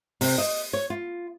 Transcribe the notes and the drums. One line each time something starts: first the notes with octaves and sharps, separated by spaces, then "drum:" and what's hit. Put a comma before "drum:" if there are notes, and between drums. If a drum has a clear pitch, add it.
C3, drum: open hi-hat
D#5
C#5
F4